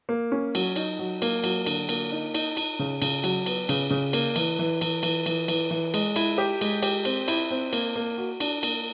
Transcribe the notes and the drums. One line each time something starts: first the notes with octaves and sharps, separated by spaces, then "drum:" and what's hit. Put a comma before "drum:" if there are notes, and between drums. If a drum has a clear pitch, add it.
A#3
C#4
F#3, drum: cymbal
D#4, drum: cymbal
F#3
A#3, drum: cymbal
F#3, drum: cymbal
D3, drum: cymbal
A#3, drum: cymbal
D#4
D#4, drum: cymbal
D#4, drum: cymbal
C#3
C#3, drum: cymbal
F#3, drum: cymbal
B3, drum: cymbal
C#3, drum: cymbal
C#3
A#3, drum: cymbal
E3, drum: cymbal
E3
E3, drum: cymbal
E3, drum: cymbal
E3, drum: cymbal
E3, drum: cymbal
E3
G#3, drum: cymbal
E4, drum: cymbal
G4
G#3, drum: cymbal
G4, drum: cymbal
C4, drum: cymbal
E4, drum: cymbal
C4
A#3, drum: cymbal
A#3
F#4
D4, drum: cymbal
A#3, drum: cymbal